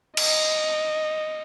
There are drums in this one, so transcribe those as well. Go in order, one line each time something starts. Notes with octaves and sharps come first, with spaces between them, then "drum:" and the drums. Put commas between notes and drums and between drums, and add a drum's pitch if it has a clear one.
D#5, drum: cymbal